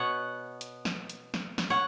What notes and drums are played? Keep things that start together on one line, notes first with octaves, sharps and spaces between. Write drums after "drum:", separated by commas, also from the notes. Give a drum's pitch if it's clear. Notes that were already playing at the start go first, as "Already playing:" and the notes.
Already playing: B2 B3 C#5 F#5
drum: hi-hat
drum: snare
drum: hi-hat
drum: snare
drum: snare
C#5 F#5